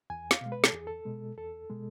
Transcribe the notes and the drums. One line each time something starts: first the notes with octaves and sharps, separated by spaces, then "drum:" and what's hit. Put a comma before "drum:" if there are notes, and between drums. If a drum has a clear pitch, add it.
E2 G#5
F5, drum: snare
B2 G#3
B4
A4, drum: snare
E2 G#4
A4
B2 G#3
E2 A4
B2 G#3